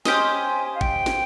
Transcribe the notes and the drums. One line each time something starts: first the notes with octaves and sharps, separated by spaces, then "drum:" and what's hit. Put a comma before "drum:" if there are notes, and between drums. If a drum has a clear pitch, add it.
C#4 G4 C5 D#5 G#5, drum: snare
F5
G5, drum: kick
drum: snare